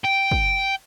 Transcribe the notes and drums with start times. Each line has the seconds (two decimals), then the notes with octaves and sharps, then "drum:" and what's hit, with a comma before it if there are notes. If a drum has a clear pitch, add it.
0.04 G5
0.31 drum: kick